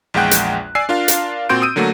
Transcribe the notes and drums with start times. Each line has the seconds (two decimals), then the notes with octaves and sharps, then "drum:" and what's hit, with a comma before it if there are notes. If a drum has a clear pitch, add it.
0.14 A#1 E2 G#3 F#5 G5 F#6
0.31 drum: hi-hat
0.75 D5 G#5 E6 C7
0.89 D4 F4 A#4 F5
1.08 drum: hi-hat
1.49 A#2 C4 F#4 C6 G6 D7
1.62 D#6 E6 D7 D#7
1.76 D3 F#3 A3 A#3 F#4